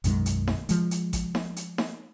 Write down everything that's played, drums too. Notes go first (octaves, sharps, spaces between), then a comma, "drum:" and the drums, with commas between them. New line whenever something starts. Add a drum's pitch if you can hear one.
B1 F#2 D#3 G#3, drum: hi-hat
drum: hi-hat
drum: snare D#4
F3 G#3, drum: hi-hat
drum: hi-hat
drum: kick A1, hi-hat
drum: snare D#4
drum: hi-hat
drum: snare D#4